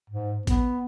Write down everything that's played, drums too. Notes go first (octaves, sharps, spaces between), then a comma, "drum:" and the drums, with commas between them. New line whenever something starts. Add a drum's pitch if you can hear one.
G#2
B3, drum: kick G#1, hi-hat